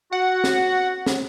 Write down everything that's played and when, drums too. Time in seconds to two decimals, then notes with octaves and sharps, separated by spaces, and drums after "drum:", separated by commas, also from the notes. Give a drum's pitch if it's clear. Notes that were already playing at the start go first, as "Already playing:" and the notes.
0.12 F#4 F#5
0.44 drum: snare
1.06 drum: snare